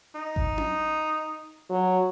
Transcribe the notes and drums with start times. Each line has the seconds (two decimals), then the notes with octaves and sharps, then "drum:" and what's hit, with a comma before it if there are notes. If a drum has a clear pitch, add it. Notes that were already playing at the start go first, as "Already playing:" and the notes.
0.15 D#4
0.36 drum: kick G#1
0.58 drum: tom C#4
1.70 F#3